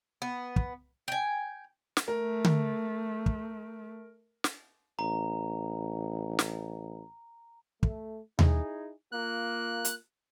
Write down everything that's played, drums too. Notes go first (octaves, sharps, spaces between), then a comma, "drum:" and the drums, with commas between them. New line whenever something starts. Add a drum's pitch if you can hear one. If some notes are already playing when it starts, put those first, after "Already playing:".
B3
drum: kick
G5 G#5
drum: snare
A3 A#4
drum: tom D3
drum: kick
drum: snare
A1 A#5
drum: snare
A3, drum: kick
D#4 E4 G#4, drum: tom D#2
A#3 F4 F#6
drum: hi-hat